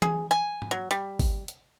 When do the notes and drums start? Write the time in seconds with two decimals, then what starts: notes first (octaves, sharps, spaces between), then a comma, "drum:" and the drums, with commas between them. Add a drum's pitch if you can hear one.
0.02 G#4, drum: tom E3
0.31 G#5
0.62 drum: tom G#2
0.71 F#3
0.91 G3, drum: hi-hat
1.19 drum: kick G#1, open hi-hat
1.48 drum: hi-hat